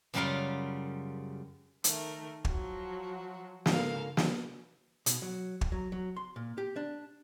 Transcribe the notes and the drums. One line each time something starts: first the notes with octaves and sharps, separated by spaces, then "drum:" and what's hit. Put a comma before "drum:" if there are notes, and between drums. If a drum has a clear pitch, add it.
F#2 C#3 G3 F4 A#4 F5
D#3 A3 A#4, drum: hi-hat
F3 F#3 F#4, drum: kick
G#2 C#3 A4 A#4 F5, drum: snare
drum: snare
B2, drum: hi-hat
F#3
drum: kick
F#3
F#3
C6
A#2
G4
D4